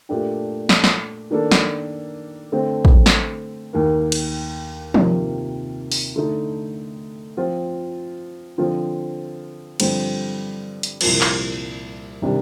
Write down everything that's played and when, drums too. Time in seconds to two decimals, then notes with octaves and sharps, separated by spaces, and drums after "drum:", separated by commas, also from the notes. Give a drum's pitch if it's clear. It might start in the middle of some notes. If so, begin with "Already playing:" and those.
0.09 A#2 A3 D4 G4
0.69 drum: snare
0.84 drum: snare
1.31 D#3 A#3 D4 A4
1.51 drum: snare
2.52 D3 A3 C4
2.85 drum: kick
3.06 drum: snare
3.73 D#2 D#3 A#3
4.12 drum: cymbal
4.94 C3 D#3 A#3 F4, drum: tom F3
5.92 drum: open hi-hat
6.16 D3 A3 D#4
7.37 F3 C4 F4
8.58 D3 F3 C4 F4
9.80 G2 D3 F3 C4, drum: cymbal
10.83 drum: hi-hat
11.01 C2 A#2 F3, drum: cymbal
11.21 drum: clap
12.22 C3 D#3 G3 D4